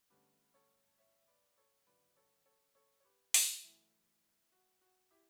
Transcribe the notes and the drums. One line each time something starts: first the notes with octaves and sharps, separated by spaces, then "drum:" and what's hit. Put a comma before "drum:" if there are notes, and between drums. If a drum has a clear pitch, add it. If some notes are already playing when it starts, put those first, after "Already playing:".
G1 G2 D3 A3 C#4 G4 B4
A4 C#5
C#5 E5
E5
B4 D5
A4 C#5
F#1 F#2 D3 B4 D5
A4 C#5
A4 C#5
A4 C#5
C#5
G4 B4
F#4, drum: open hi-hat
F#2 E3 A3 E4
F#4
F#4
E4 G4